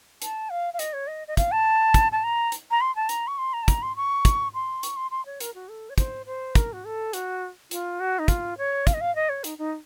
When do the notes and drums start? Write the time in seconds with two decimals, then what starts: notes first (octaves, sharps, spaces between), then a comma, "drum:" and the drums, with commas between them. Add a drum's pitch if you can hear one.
0.22 A5, drum: hi-hat
0.50 F5
0.74 F5
0.79 D#5, drum: hi-hat
0.93 C#5
1.07 D#5
1.28 D#5
1.37 F5, drum: kick, hi-hat
1.52 A5
1.94 drum: kick, hi-hat
2.12 A5
2.24 A#5
2.52 drum: hi-hat
2.71 A#5
2.81 C6
2.96 A5
3.09 A#5, drum: hi-hat
3.27 C#6
3.38 C6
3.53 A#5
3.63 A5
3.68 A#5, drum: kick, hi-hat
3.82 C6
3.96 C#6
4.25 drum: kick, hi-hat
4.54 C6
4.83 C#6, drum: hi-hat
4.96 C6
5.11 C6
5.26 C#5
5.40 A#4, drum: hi-hat
5.55 F#4
5.69 A4
5.90 C#5
5.98 C5, drum: kick, hi-hat
6.26 C5
6.55 A#4, drum: kick, hi-hat
6.73 F#4
6.85 A4
7.13 F#4, drum: hi-hat
7.71 F4, drum: hi-hat
8.00 F#4
8.19 D#4
8.28 F4, drum: kick, hi-hat
8.58 C#5
8.87 F5, drum: kick, hi-hat
8.94 D#5
9.01 F5
9.15 D#5
9.29 C#5
9.44 D#4, drum: hi-hat
9.58 D#4